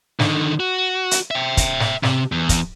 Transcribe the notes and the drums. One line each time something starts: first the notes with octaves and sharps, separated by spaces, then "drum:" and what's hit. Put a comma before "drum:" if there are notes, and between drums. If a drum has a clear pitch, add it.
D3 D#3, drum: snare
F#4
drum: hi-hat
E5 G5
drum: kick, hi-hat
drum: snare
C3, drum: snare
E2
drum: kick, hi-hat